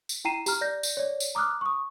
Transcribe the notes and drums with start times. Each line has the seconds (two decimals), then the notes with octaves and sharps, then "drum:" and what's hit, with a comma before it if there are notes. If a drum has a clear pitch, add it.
0.09 drum: tambourine
0.25 E4 G5 A#5 C7 D#7 E7
0.46 G4 A#5 F6, drum: tambourine
0.61 D5 G6 A#6
0.83 drum: tambourine
0.97 C#5 D5
1.20 drum: tambourine
1.35 A#5 D6 D#6 F6 F#6
1.61 C#6 D#6